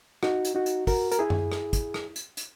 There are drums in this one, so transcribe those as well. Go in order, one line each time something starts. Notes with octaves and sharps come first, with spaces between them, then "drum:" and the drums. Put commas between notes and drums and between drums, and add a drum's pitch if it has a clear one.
D#4 F#4, drum: rim click
drum: hi-hat
D#4 F#4
drum: hi-hat
F#4 A#4, drum: kick, open hi-hat
A#4, drum: hi-hat
E4 G#4
drum: tom F#2
drum: rim click
drum: kick, hi-hat
drum: rim click
drum: hi-hat
drum: hi-hat